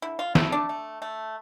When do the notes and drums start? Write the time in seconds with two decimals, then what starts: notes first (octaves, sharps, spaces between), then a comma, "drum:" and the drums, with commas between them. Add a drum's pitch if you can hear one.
0.02 D3 E4
0.19 F4
0.35 A3 E4, drum: snare
0.52 D4
0.69 A3
1.02 A3